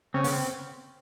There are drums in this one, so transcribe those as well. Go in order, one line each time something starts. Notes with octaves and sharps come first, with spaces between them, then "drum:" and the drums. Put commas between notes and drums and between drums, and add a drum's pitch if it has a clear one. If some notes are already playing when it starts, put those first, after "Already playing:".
C#3 C4
B3, drum: open hi-hat
C4